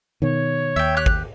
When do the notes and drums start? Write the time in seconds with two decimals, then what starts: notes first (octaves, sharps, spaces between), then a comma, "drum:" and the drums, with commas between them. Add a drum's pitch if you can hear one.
0.22 B2 D#3 C#5
0.76 D#2 E5 G5
0.97 G4 F#6
1.06 drum: kick